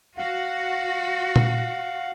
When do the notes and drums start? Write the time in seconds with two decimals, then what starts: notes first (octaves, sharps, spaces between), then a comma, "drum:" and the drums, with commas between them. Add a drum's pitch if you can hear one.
0.18 F#4 F5 F#5
1.36 drum: tom A#2